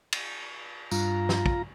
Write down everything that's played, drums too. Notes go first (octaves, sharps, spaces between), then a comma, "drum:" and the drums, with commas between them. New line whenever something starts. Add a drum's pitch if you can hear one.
drum: cymbal
G2 F4 A#5, drum: tambourine
drum: snare
drum: kick